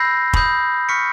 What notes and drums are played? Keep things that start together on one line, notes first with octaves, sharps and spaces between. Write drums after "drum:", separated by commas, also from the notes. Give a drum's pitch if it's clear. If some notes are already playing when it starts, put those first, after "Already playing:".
Already playing: B5 E6 G6 A#6 C7
B5 D#6 G6, drum: kick F1
C#6 F6 B6 C#7